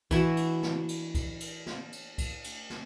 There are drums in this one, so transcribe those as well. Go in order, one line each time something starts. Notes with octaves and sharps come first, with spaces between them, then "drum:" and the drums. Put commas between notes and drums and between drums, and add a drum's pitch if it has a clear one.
E3 E4 F#4, drum: kick C2, cymbal
drum: cymbal
drum: snare
drum: cymbal
drum: kick C2, cymbal
drum: cymbal
drum: snare
drum: cymbal
drum: kick C2, cymbal
drum: cymbal
drum: snare